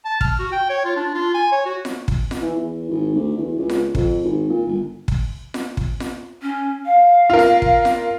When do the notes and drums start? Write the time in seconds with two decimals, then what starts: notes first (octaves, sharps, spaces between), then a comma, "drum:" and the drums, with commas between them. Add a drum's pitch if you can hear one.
0.05 A5
0.21 F6, drum: kick
0.39 F#4
0.52 G5
0.70 C#5
0.85 F4
0.96 D4
1.14 F4
1.34 G#5
1.52 C#5
1.66 F#4
1.85 drum: snare F4
2.08 drum: kick
2.31 drum: snare F4
2.41 E3
2.54 E2
2.90 G#1
3.14 D2
3.37 E2
3.57 C#2
3.69 drum: snare F4
3.95 F2, drum: kick
4.24 G#1
4.49 A#2
4.67 G1
5.08 drum: kick
5.54 drum: snare F4
5.77 drum: kick
6.00 drum: snare F4
6.42 C#4
6.86 F5
7.30 F4 A#4
7.39 drum: snare F4
7.62 drum: kick
7.85 drum: snare F4